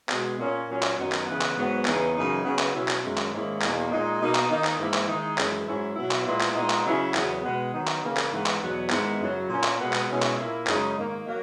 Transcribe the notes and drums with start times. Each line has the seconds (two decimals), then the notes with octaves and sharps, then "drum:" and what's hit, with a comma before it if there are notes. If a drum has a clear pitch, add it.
0.09 B2 G#3 B3, drum: clap
0.39 A#2 A#3 C#4
0.68 A#2 F#3 C#4
0.83 drum: clap
0.97 F#2 D#3 F#3 B3 D#4
1.12 drum: clap
1.26 C#3 E3 B3
1.41 drum: clap
1.57 G#2 F#3 B3
1.85 E2 C#3 E3 B3 D#4, drum: clap
2.15 F#2 C#3 E3 A#3 D#4
2.44 C#3 F#3 B3
2.59 drum: clap
2.73 B2 F#3 C#4 E4
2.88 drum: clap
3.02 F#2 D#3 G#3 C#4 E4
3.18 drum: clap
3.33 G#2 D#3 A#3 C#4 E4
3.62 E2 B2 A#3, drum: clap
3.91 A#2 G#3 D#4
4.21 B2 A#3 D#4
4.35 drum: clap
4.50 D#3 A#3 D#4
4.65 drum: clap
4.79 G#2 E3 A#3 E4
4.94 drum: clap
5.08 D#3 G#3 D#4
5.38 F#2 E3 G#3 C#4 E4, drum: clap
5.67 G#2 F#3 C#4 E4
5.96 B2 F#3 B3 E4
6.11 drum: clap
6.26 A#2 G#3 B3 E4
6.41 drum: clap
6.55 A#2 G#3 B3 D#4
6.70 drum: clap
6.85 C#3 F#3 C#4 E4
7.14 E2 C#3 F#3 B3, drum: clap
7.44 B2 G#3 B3
7.73 D#3 F#3 B3 D#4
7.88 drum: clap
8.03 C#3 E3 A#3
8.17 drum: clap
8.31 G#2 E3 B3
8.46 drum: clap
8.61 E2 B2 F#3 B3
8.90 G#2 D#3 G#3 B3 E4, drum: clap
9.20 F#2 C#3 F#3
9.49 A#2 A#3 C#4
9.64 drum: clap
9.78 B2 G#3 B3
9.93 drum: clap
10.08 B2 G#3 C#4 E4
10.22 drum: clap
10.37 A#2 A#3 E4
10.67 F#2 C#3 G#3 D#4, drum: clap
10.96 G#2 D#3 A#3
11.26 F#3 A#3